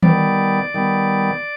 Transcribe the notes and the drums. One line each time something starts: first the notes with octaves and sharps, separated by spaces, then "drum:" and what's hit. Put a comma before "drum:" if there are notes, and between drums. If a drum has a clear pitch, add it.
D#3 G3 B3 D5, drum: tom D#3
D#3 G3 B3